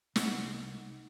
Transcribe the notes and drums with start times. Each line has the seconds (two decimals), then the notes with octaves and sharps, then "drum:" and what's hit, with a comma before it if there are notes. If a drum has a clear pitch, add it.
0.16 C2 D#4 F#5, drum: snare